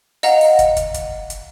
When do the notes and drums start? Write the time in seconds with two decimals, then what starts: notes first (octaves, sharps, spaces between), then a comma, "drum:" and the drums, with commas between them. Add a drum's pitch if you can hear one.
0.23 D#5 F5 F#5 A#5, drum: open hi-hat
0.41 drum: open hi-hat
0.59 drum: kick, hi-hat
0.77 drum: kick, hi-hat
0.94 drum: kick, hi-hat
1.30 drum: hi-hat